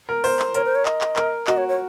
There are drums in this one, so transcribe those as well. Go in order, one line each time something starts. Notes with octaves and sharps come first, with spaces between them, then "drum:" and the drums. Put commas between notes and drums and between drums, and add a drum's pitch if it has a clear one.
A#4
C5, drum: open hi-hat
drum: clap
A#4 C#5, drum: hi-hat
C5
C#5
D#5, drum: clap
drum: clap
A#4, drum: clap
F#4 D#5, drum: clap
C#5
C#5